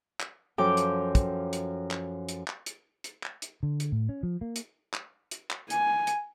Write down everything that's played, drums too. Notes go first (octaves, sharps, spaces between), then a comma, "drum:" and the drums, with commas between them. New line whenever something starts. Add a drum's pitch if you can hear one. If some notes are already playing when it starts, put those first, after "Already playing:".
drum: clap
F#2 F3 A4 G5 D6
drum: hi-hat
drum: kick, hi-hat
drum: hi-hat
drum: clap
drum: hi-hat
drum: clap
drum: hi-hat
drum: hi-hat
drum: clap
drum: hi-hat
D3
drum: hi-hat
A2
C#4
F3
A#3
drum: hi-hat
drum: clap
drum: hi-hat
drum: clap
G#5, drum: hi-hat
drum: hi-hat